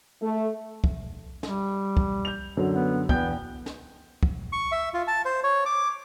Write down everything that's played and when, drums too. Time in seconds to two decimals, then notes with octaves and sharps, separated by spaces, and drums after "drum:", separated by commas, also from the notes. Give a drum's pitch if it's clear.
0.22 A3
0.84 drum: kick
1.43 G3, drum: snare
1.97 drum: kick
2.25 G6 F7
2.57 F#2 D3 F#3
2.74 B3
3.09 E2 B3 G5 G6, drum: kick
3.66 drum: snare
4.23 drum: kick
4.53 C#6
4.72 E5
4.94 F4
5.07 A5
5.25 C5
5.43 C#5
5.66 D6